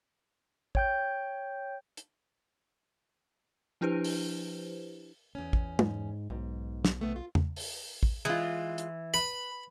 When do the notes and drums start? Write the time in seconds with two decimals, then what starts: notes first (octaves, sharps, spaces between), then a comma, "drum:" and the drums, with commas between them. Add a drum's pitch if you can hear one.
0.75 C#5 G5 G6, drum: kick
1.97 drum: hi-hat
3.81 F3 D4 E4 G4 B4 C5
4.04 drum: open hi-hat
5.35 E2 C#4
5.53 drum: kick
5.79 G#2, drum: tom
6.30 B1 G#2
6.85 drum: snare
7.00 C3 A3 B3
7.16 F4
7.35 drum: tom E2
7.56 drum: open hi-hat
8.03 drum: kick
8.25 E3 G#3 F4
8.78 drum: hi-hat
9.14 B4 B5